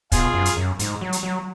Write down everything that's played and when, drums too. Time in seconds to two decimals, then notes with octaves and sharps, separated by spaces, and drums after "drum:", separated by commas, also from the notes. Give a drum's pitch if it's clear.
0.12 B2 F4 G#4, drum: kick, hi-hat
0.34 F#2
0.45 drum: hi-hat
0.57 F#2
0.79 G#2, drum: hi-hat
1.01 F#3
1.13 drum: hi-hat
1.23 F#3